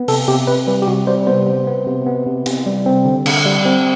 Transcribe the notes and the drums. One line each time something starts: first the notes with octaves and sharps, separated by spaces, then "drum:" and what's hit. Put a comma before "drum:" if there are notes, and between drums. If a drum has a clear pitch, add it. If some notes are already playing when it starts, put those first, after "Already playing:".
Already playing: B3
C3 A4, drum: open hi-hat
C3 G4
C3 B4
G3 B4
G4
C3 F#4
G3 C5
B3 C5
C3
B3
C3
B3
C3
C3, drum: hi-hat
G3
C4
D3
D3, drum: cymbal
G3
C4